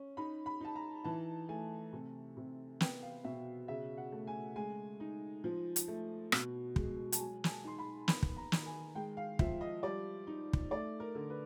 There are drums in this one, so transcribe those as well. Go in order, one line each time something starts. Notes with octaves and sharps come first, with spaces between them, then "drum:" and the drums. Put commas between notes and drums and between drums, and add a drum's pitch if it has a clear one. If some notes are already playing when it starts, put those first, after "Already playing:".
Already playing: C#4
D#4 B5
B5
D#4 A5
A#5
E3 A5
A3 G#5
C3
C3
B3 G5, drum: snare
F5
B2 E5
C#3 E5
F#5
A3
G#5
G#3 G#5
D#4
F3
drum: hi-hat
A3
B2, drum: rim click
G#3, drum: kick
A5, drum: hi-hat
F#3 G#5
G#5, drum: snare
A5
D#4 C6
B5
B3 B5, drum: snare
drum: kick
A#5
D#3, drum: snare
G#5
G#3 G5
F5
F3 E5, drum: kick
D#5
G3 D5
D#4
drum: kick
A3 D5
A#4
D3
B4